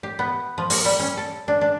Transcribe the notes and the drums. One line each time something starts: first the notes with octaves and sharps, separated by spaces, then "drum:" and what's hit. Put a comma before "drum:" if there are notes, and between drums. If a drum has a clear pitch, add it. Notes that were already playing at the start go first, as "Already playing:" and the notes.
G4
B3
F3
A#3, drum: open hi-hat
G3
C#4
A4
D4
D4